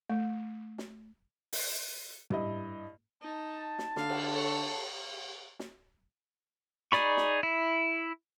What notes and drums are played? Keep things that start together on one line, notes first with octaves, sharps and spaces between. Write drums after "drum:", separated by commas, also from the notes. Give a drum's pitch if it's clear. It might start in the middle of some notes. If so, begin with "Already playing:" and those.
A3
drum: snare
drum: open hi-hat
G2 E4 D#5, drum: tom
D#4 A5
drum: snare
D3 F5, drum: snare
drum: cymbal
A4 C#5
drum: snare
D#4 G#4 D5 B5 C#6, drum: snare
drum: snare
E4